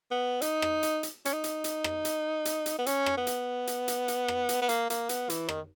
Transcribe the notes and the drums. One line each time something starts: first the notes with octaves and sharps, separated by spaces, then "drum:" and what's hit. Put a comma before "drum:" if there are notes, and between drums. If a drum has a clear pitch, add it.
B3
D#4, drum: hi-hat
drum: rim click
drum: hi-hat
drum: hi-hat
C#4, drum: hi-hat
D#4
drum: hi-hat
drum: hi-hat
drum: rim click
drum: hi-hat
drum: hi-hat
drum: hi-hat
B3
C#4, drum: hi-hat
drum: rim click
B3
drum: hi-hat
drum: hi-hat
drum: hi-hat
drum: hi-hat
drum: rim click
drum: hi-hat
B3
A#3, drum: hi-hat
A#3, drum: hi-hat
B3, drum: hi-hat
E3, drum: hi-hat
D#3, drum: rim click